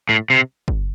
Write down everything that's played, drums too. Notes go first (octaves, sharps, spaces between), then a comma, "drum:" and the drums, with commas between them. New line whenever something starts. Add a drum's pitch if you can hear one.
A2
C3
drum: kick